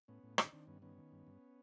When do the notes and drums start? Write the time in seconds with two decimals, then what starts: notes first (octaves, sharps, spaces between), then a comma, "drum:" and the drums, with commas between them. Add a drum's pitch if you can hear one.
0.08 A2 B3 C#4
0.23 A2
0.38 D#3 C4 D4, drum: rim click
0.52 D#3 C4 D4
0.67 G2 B3 C#4
0.82 D#3 B3 C#4
0.98 D#3
1.12 G2
1.27 G2